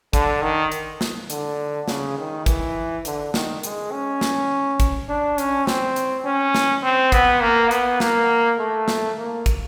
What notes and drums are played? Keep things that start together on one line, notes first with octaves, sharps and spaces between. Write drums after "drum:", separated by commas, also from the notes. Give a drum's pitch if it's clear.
D3, drum: kick, hi-hat
D#3
drum: hi-hat
drum: snare
D3, drum: hi-hat
C#3, drum: snare
D#3
E3, drum: kick, hi-hat
D3, drum: hi-hat
D#3, drum: snare
G#3, drum: hi-hat
C#4
drum: snare
drum: kick, hi-hat
D4
C#4, drum: hi-hat
C4, drum: snare
drum: hi-hat
C#4
drum: snare
C4
B3, drum: kick, hi-hat
A#3
B3, drum: hi-hat
A#3, drum: snare
A3
drum: snare
A#3
drum: kick, hi-hat